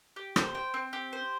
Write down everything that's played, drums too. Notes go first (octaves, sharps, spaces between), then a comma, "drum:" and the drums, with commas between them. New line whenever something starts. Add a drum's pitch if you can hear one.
G4
C5, drum: rim click
G5
C4
G4
C5